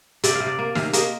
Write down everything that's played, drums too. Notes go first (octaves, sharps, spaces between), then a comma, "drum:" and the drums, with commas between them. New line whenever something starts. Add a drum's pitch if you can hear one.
C3 D5, drum: hi-hat
F5
C3
D5
A#3
C3 F5, drum: snare
A#3 D#5, drum: hi-hat